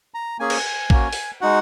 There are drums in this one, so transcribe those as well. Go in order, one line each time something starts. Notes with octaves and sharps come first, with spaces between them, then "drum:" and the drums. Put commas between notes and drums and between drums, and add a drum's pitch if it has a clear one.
A#5
A#3 C#4 G#4 G#5
drum: cymbal
A#3 C#4 F#4, drum: kick A1
drum: open hi-hat
G#3 D#4 F#4 F#5